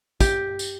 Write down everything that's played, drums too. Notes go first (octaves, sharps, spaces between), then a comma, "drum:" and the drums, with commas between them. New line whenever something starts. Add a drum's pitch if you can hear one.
G4, drum: kick, tambourine
drum: tambourine